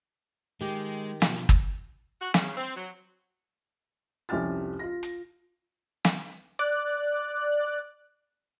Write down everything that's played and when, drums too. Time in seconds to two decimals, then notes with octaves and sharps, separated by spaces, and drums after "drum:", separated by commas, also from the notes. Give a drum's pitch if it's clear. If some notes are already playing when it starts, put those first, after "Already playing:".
0.61 D#3 G#3 G4
1.22 B2 F3, drum: snare
1.49 drum: kick
2.21 F#4
2.34 C#3, drum: snare
2.56 C4
2.76 F#3
4.29 C2 F2 C#4 G4 F6 A6
4.79 F4 A#6
5.03 drum: hi-hat
6.05 drum: snare
6.59 D5 F#6